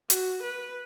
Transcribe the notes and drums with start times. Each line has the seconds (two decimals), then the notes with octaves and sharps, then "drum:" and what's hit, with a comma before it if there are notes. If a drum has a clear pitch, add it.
0.10 F#4, drum: hi-hat
0.43 B4